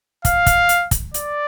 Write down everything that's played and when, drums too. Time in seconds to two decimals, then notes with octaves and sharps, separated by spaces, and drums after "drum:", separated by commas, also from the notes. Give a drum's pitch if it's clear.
0.25 F5, drum: kick, hi-hat
0.46 drum: kick, hi-hat
0.69 drum: hi-hat
0.91 drum: kick, hi-hat
1.14 D5, drum: hi-hat